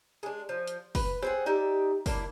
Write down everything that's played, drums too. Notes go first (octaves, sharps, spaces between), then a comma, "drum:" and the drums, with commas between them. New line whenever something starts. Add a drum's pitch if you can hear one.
G#3 D4
F3
drum: hi-hat
B4, drum: kick, open hi-hat
C4 G#4 F#5, drum: rim click
D#4 G4 D5 E5
A#3 D4 E4, drum: kick, open hi-hat